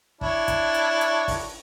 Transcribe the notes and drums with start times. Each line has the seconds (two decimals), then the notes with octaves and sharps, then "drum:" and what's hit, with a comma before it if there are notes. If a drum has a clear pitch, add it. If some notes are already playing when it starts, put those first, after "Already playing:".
0.21 D4 E4 C#5, drum: kick
0.48 drum: kick, hi-hat
0.74 drum: hi-hat
1.01 drum: hi-hat
1.28 drum: kick, open hi-hat